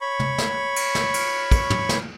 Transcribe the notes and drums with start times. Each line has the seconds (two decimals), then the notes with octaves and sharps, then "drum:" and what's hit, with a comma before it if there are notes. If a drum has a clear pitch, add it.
0.01 C#5 B5 C#6
0.20 drum: tom
0.38 drum: snare
0.76 drum: cymbal
0.95 drum: snare
1.14 drum: cymbal
1.51 drum: kick, cymbal
1.70 drum: tom
1.89 drum: snare